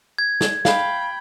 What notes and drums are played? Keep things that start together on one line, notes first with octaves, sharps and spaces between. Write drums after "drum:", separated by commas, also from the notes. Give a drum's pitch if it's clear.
G#6
drum: snare
F5 G5 B5, drum: snare